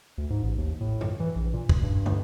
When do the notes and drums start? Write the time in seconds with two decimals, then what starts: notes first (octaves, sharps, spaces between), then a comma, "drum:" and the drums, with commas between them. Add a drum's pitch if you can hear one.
0.18 D2
0.30 G#2
0.43 A1
0.58 D#2
0.81 A2
1.01 drum: tom F#2
1.20 E3
1.36 A#1
1.53 A#2
1.69 F1, drum: kick
1.83 G2
2.06 drum: tom